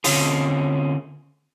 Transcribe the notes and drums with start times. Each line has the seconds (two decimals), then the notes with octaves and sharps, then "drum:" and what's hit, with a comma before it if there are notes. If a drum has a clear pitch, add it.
0.04 D3 C4 C#4 F4 G#4, drum: open hi-hat